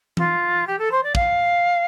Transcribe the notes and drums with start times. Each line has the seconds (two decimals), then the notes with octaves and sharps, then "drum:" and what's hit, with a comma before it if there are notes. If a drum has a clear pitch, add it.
0.17 F4, drum: tom E3
0.67 G4
0.78 A4
0.91 C5
1.03 D5
1.15 F5, drum: kick